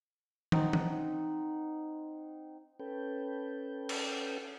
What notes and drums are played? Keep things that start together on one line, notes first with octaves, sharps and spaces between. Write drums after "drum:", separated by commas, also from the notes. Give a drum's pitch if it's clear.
C4 D#4 F#5, drum: tom
drum: tom E3
C#4 A4 B4 G5
drum: cymbal